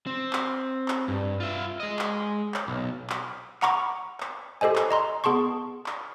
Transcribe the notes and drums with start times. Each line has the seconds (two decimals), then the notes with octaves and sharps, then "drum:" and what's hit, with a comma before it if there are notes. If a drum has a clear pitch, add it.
0.07 C4
0.33 drum: clap
0.88 drum: clap
1.08 G2
1.40 F4 E5
1.80 G#3 D#5
1.99 drum: clap
2.54 drum: clap
2.68 B1
3.10 drum: clap
3.62 F#5 A#5 B5 C#6 D6, drum: clap
4.20 drum: clap
4.61 G4 A4 C5 D#5 G#5
4.76 drum: clap
4.91 D#5 A#5 C6
5.24 B3 G#4 A5 C6 C#6
5.86 drum: clap